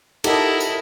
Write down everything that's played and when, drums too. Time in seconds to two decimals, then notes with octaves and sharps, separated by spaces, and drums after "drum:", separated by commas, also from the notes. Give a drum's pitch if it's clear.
0.24 D#4 E4 G4 A4 A#4 D#5 F#5, drum: cymbal
0.60 drum: tambourine